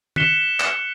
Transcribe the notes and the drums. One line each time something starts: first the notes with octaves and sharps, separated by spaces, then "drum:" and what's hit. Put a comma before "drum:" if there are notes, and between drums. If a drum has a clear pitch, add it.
F#6 B6 C#7 E7 G7, drum: tom
drum: clap